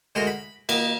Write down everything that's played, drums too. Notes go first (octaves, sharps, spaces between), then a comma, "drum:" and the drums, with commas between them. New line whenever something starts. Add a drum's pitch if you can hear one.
D2 D3 G#3 F#4 A#4 C6
B5
D#3 A#3 B3, drum: cymbal